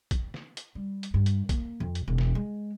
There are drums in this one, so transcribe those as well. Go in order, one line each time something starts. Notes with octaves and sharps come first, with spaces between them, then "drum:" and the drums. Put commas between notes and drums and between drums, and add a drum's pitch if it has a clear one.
drum: kick A#1, hi-hat
drum: snare
drum: hi-hat
G3
drum: hi-hat
G2
drum: hi-hat
A#3, drum: kick A#1, hi-hat
F2
drum: hi-hat
E1
drum: snare
G#3